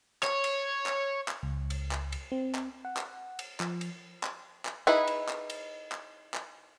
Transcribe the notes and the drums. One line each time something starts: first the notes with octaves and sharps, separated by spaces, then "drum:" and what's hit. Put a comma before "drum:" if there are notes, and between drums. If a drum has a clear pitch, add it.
C#5, drum: clap
drum: cymbal
drum: clap
drum: clap
C#2
drum: cymbal
drum: clap
drum: cymbal
C4
drum: clap
F#5
drum: clap
drum: cymbal
F3, drum: clap
drum: cymbal
drum: clap
drum: clap
D#4 E4 G#4 B4
drum: cymbal
drum: clap
drum: cymbal
drum: clap
drum: clap